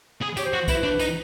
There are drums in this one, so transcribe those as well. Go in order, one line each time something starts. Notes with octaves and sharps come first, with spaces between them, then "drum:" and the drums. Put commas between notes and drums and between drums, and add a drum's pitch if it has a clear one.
G#4
G4 C#5, drum: tambourine
C5
F#4
E4 B4, drum: kick B1, tambourine
D4
D#4, drum: tambourine